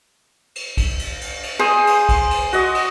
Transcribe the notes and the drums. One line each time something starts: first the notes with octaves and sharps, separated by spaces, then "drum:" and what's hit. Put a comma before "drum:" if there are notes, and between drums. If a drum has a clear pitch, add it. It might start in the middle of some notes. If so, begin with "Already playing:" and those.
drum: cymbal
drum: kick, cymbal
drum: cymbal
drum: cymbal
drum: cymbal
G#4 C5 D#6
drum: cymbal
drum: kick, cymbal
drum: cymbal
F#4 D#5, drum: cymbal
drum: cymbal